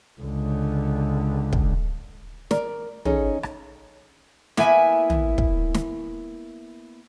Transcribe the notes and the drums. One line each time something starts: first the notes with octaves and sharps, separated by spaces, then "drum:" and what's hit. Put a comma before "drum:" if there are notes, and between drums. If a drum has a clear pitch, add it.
C#2 D3
drum: kick
A#4 D5, drum: snare
C#4 D#4 G#4 A4, drum: tom
drum: rim click
A#3 B3 E4 E5 G#5, drum: snare
drum: tom
drum: kick
drum: snare